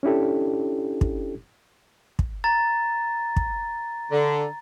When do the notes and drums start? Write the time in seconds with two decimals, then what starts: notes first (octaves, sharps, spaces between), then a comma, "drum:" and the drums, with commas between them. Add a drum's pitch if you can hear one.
0.03 C#4 D4 E4 G4 A4
1.01 drum: kick
2.19 drum: kick
2.44 A#5 A6
3.36 drum: kick
4.11 D3